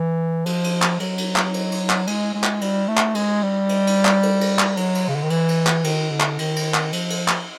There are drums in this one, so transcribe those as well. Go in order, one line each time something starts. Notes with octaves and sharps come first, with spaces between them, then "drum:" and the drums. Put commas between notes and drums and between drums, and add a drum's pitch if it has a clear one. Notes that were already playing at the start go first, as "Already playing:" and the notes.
Already playing: E3
F3, drum: cymbal
drum: cymbal
drum: clap
F#3, drum: cymbal
drum: cymbal
drum: clap
drum: cymbal
drum: cymbal
drum: clap
G#3, drum: cymbal
G#3
drum: clap
G3, drum: cymbal
A3
drum: clap
G#3, drum: cymbal
G3
drum: cymbal
drum: cymbal
drum: clap
drum: cymbal
drum: cymbal
drum: clap
F#3, drum: cymbal
drum: cymbal
C#3
D3
D#3
E3, drum: cymbal
drum: cymbal
drum: clap
D#3, drum: cymbal
D3
drum: clap
D#3, drum: cymbal
drum: cymbal
drum: clap
F3, drum: cymbal
drum: cymbal
drum: clap